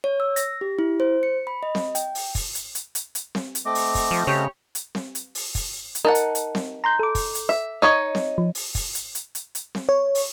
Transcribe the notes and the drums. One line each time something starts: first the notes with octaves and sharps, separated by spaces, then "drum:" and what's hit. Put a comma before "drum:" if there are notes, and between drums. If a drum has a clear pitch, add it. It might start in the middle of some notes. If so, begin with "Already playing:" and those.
C#5
E6
A#6, drum: hi-hat
G4
E4
C5
C#7
B5
D#5
drum: snare C4
G5, drum: hi-hat
drum: open hi-hat
drum: kick, open hi-hat
drum: hi-hat
drum: hi-hat
drum: hi-hat
drum: hi-hat
drum: snare C4
drum: hi-hat
A3 C4 D#5 D6
drum: open hi-hat
drum: kick, open hi-hat
F3
C#3 G4 C#5
drum: hi-hat
drum: snare C4
drum: hi-hat
drum: open hi-hat
drum: kick, open hi-hat
drum: hi-hat
D#4 A#4 F#5 A5
drum: hi-hat
drum: hi-hat
drum: snare C4
A#5 C6 G6
A4 D6
drum: kick, open hi-hat
drum: hi-hat
E5
D#4 C#5 D#5
drum: snare C4
F3
drum: open hi-hat
drum: kick, open hi-hat
drum: hi-hat
drum: hi-hat
drum: hi-hat
drum: hi-hat
drum: snare C4
C#5
drum: open hi-hat